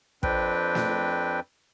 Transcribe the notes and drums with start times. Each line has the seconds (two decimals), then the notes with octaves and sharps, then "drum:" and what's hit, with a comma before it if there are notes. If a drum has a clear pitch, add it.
0.23 F2 C4 D4 B4 G5, drum: kick
0.75 drum: snare